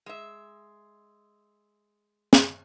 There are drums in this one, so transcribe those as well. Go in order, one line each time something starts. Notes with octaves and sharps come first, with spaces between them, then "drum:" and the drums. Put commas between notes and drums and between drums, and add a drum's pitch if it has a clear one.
G#3 E5
drum: snare